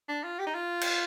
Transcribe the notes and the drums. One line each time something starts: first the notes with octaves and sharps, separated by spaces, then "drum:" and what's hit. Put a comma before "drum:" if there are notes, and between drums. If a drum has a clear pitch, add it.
D4
F4
G4
D#4
F4
drum: cymbal